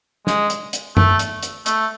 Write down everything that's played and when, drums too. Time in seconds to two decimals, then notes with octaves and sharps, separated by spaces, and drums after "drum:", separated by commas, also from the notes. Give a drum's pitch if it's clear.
0.27 G#3, drum: snare
0.50 drum: hi-hat
0.73 drum: hi-hat
0.97 A3, drum: tom F#2
1.19 drum: hi-hat
1.43 drum: hi-hat
1.66 A3, drum: hi-hat